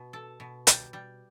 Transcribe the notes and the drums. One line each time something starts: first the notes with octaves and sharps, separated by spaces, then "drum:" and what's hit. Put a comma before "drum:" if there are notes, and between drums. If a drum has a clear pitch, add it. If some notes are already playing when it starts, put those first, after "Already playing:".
Already playing: B2
A4
B2
G3, drum: hi-hat
G3